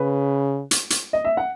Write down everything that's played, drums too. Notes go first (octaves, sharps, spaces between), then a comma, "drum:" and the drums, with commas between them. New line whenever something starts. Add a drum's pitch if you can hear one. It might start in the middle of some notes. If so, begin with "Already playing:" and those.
Already playing: C#3 B4
drum: hi-hat
drum: hi-hat
D#5
E5
F#5